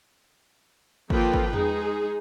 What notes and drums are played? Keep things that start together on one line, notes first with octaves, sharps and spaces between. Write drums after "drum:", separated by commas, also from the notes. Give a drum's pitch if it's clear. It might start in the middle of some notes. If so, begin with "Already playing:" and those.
F3 A#3 F4 A4 B4 G5, drum: kick G#1
drum: kick G#1
G#3 D#4 G#4, drum: tom E2